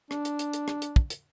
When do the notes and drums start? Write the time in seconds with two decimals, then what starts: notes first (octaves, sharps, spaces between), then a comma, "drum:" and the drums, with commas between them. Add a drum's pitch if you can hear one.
0.11 D4, drum: rim click
0.25 drum: hi-hat
0.39 drum: hi-hat
0.53 drum: hi-hat
0.68 drum: rim click
0.82 drum: hi-hat
0.96 drum: kick
1.10 drum: hi-hat